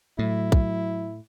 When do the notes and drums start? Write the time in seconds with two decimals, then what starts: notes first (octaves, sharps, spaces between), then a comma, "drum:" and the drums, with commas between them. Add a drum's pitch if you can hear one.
0.19 A2 F#3 E4
0.52 drum: kick